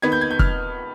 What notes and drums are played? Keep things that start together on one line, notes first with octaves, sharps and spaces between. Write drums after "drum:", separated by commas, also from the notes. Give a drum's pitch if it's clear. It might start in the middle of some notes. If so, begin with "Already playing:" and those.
D#3 B3 G#6
G6
G#6
G6
F6, drum: kick